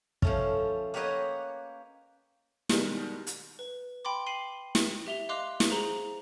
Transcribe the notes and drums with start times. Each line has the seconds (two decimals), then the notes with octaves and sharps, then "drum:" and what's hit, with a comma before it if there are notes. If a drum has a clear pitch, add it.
0.22 F3 A3 C#4, drum: kick
0.94 A#3 G4 B4 C#5 D#5 F#5
2.69 B2 D#3 G3 G#3, drum: snare
3.27 drum: hi-hat
3.59 B4
4.05 G5 B5 C6 D6
4.26 C6 C7 D#7 F#7
4.75 drum: snare
5.07 G4 E5 F7 G7
5.29 D#5 F5 C6 D6 F#6 F7
5.60 drum: snare
5.70 G#4 C5 A#5 F#7 G7